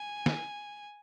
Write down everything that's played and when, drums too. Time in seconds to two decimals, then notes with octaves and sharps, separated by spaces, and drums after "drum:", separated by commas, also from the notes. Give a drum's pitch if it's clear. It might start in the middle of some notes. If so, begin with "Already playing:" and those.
Already playing: G#5
0.26 drum: snare